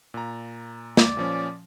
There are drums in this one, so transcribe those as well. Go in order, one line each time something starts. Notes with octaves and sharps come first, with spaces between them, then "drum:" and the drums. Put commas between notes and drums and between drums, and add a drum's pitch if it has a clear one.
A#2 A#5
D5, drum: snare
A#2 F3 C#4